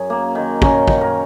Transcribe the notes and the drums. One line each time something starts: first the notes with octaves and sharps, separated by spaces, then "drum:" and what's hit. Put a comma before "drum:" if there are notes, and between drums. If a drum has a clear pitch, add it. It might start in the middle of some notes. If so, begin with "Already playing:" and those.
Already playing: F#2 G#4
A#3
D#3
C#4 A#4, drum: kick
D#3, drum: kick
A#4